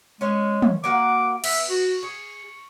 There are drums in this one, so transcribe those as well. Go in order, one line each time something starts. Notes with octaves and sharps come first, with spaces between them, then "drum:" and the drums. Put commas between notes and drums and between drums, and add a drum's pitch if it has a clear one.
G#3 C#4 C#5
drum: tom
A#3 F#4 F#5 D6
B3 E5, drum: cymbal
F#4
G#4 C#6